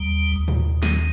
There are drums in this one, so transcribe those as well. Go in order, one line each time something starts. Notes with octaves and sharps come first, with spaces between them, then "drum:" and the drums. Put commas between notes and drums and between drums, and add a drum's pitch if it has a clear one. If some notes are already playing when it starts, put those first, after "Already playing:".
Already playing: D#2 G3
D#2
drum: tom A2
D#3, drum: snare